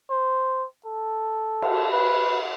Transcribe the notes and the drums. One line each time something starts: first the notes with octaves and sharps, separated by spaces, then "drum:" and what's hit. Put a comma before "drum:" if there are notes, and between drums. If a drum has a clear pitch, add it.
C5
A4
drum: cymbal
B4